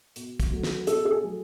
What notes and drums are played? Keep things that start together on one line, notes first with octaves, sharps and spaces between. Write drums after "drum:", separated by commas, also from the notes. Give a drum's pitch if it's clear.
B2, drum: hi-hat
drum: kick, hi-hat
F#3 A3
drum: snare
B2 A4, drum: hi-hat
A4
G#4
F#3 A3